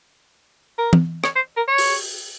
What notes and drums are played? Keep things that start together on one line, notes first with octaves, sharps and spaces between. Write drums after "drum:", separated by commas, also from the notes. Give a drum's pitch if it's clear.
A#4
drum: tom E3
C#5, drum: rim click
C5
A#4
C#5
drum: open hi-hat